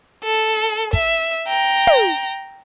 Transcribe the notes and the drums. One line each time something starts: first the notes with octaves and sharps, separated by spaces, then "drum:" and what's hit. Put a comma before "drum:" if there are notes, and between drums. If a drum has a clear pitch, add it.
A4
E5, drum: kick
G5 A#5
drum: tom